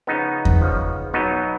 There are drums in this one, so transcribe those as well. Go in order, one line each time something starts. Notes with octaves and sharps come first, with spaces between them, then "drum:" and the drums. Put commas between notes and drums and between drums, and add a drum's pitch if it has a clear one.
C#3 F3 B3 D#4
drum: kick E2
C#3 F3
B2 F#3 B3 D#4